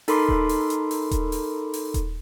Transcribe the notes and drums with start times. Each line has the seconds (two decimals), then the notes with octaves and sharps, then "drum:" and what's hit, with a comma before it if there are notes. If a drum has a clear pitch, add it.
0.08 D#4 A4 A#4 B5 C6 D6, drum: open hi-hat
0.29 drum: kick D#1
0.49 drum: open hi-hat
0.70 drum: hi-hat
0.91 drum: open hi-hat
1.11 drum: kick D#1, hi-hat
1.32 drum: open hi-hat
1.74 drum: open hi-hat
1.94 drum: kick D#1, hi-hat